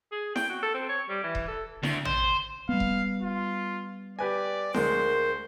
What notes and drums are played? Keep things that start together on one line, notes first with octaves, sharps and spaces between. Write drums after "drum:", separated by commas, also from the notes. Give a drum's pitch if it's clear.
G#4
G5, drum: snare E4
F#4
A4
C4
C#5
G3
E3
drum: kick D#1
A4
D2, drum: snare E4
C5, drum: tom
G3 B3 F5
drum: kick D#1
F4
G4 B4 D5 G#5
D2 G#3 A#4 C5, drum: snare E4